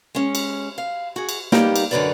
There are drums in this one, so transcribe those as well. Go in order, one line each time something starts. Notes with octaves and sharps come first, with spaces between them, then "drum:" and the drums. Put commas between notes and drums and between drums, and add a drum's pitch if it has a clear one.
G#3 C#4
drum: cymbal
F5
F#4 G#4
drum: cymbal
G3 A#3 B3 D#4 G4, drum: snare
drum: cymbal
F#2 D3 D#4 B4 C#5 D5